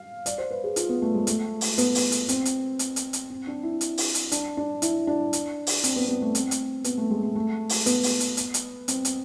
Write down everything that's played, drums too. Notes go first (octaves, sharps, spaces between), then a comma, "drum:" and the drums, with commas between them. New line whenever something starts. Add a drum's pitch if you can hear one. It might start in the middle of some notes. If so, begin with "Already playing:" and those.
Already playing: F5
D5, drum: hi-hat
C5
B4
G#4
F4, drum: hi-hat
B3
A3
G#3
A3, drum: hi-hat
drum: open hi-hat
B3, drum: hi-hat
drum: open hi-hat
drum: hi-hat
C4, drum: hi-hat
drum: hi-hat
drum: hi-hat
drum: hi-hat
drum: hi-hat
C4
D4
E4
drum: hi-hat
drum: open hi-hat
drum: hi-hat
D4, drum: hi-hat
D4
E4, drum: hi-hat
D4
drum: hi-hat
drum: open hi-hat
C4, drum: hi-hat
B3
B3
A3
C4, drum: hi-hat
drum: hi-hat
B3, drum: hi-hat
A3
G#3
A3
A3
drum: open hi-hat
B3, drum: hi-hat
drum: open hi-hat
drum: hi-hat
drum: hi-hat
drum: hi-hat
C4, drum: hi-hat
drum: hi-hat